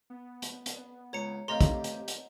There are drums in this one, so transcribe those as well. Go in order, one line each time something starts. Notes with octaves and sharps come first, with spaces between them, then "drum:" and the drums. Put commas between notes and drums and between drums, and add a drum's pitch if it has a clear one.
B3
drum: hi-hat
drum: hi-hat
C#2 C#5 A#5 C#7
A1 C3 G4 D#5 F5 A#5 C6
drum: kick, hi-hat
drum: hi-hat
drum: hi-hat